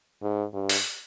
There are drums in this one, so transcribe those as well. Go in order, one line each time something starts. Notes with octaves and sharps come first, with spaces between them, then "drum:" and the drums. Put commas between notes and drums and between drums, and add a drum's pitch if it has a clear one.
G#2
G2
drum: open hi-hat